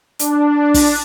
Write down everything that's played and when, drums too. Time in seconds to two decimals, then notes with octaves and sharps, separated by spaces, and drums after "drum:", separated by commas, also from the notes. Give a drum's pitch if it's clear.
0.19 D4, drum: hi-hat
0.74 drum: kick, open hi-hat